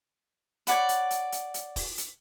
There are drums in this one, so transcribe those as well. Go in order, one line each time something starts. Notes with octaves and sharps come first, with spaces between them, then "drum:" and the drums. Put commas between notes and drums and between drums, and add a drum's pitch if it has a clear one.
C#5 D5 F#5 B5, drum: hi-hat
drum: hi-hat
drum: hi-hat
drum: hi-hat
drum: hi-hat
drum: kick, open hi-hat
drum: hi-hat